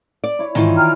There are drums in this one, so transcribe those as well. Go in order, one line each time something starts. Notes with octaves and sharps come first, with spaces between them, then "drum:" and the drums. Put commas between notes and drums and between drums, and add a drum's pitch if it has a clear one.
D5
E4 C#5
D#3 E3 F4 G#5 C#6, drum: tom
G5 A#5 F6